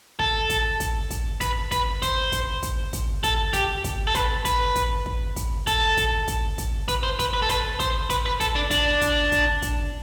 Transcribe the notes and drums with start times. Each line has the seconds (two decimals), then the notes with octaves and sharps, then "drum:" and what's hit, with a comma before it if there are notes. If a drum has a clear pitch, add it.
0.19 A4, drum: kick
0.50 drum: kick, hi-hat
0.80 drum: kick, hi-hat
1.10 drum: kick, hi-hat
1.41 B4, drum: kick, hi-hat
1.71 B4, drum: kick, hi-hat
2.02 C5, drum: kick, hi-hat
2.32 drum: kick, hi-hat
2.63 drum: kick, hi-hat
2.93 drum: kick, hi-hat
3.23 A4, drum: kick, hi-hat
3.53 G4, drum: kick, hi-hat
3.84 drum: kick, hi-hat
4.07 A4
4.15 B4, drum: kick, hi-hat
4.45 B4, drum: kick, hi-hat
4.75 drum: kick, hi-hat
5.06 drum: kick
5.36 drum: kick, hi-hat
5.67 A4, drum: kick, hi-hat
5.97 drum: kick, hi-hat
6.28 drum: kick, hi-hat
6.58 drum: kick, hi-hat
6.88 B4, drum: kick, hi-hat
7.03 C5
7.19 B4, drum: kick, hi-hat
7.34 B4
7.42 A4
7.49 B4, drum: kick, hi-hat
7.80 C5, drum: kick, hi-hat
8.10 B4, drum: kick, hi-hat
8.26 B4
8.40 A4, drum: kick, hi-hat
8.55 D4
8.71 D4, drum: kick, hi-hat
9.01 drum: kick, hi-hat
9.32 drum: kick, hi-hat
9.62 drum: kick, hi-hat